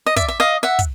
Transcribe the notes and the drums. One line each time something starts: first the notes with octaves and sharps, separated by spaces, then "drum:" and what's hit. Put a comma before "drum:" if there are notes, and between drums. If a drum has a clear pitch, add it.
D#5
D5 E5, drum: kick, hi-hat
E5
D#5 F5
E5 F#5
drum: kick, hi-hat